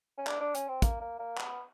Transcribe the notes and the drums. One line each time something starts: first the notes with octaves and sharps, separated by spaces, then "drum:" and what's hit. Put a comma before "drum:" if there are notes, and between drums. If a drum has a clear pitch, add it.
C#4
D4, drum: clap
D4
C#4, drum: hi-hat
C4
A#3, drum: kick, hi-hat
A#3
A#3
B3, drum: clap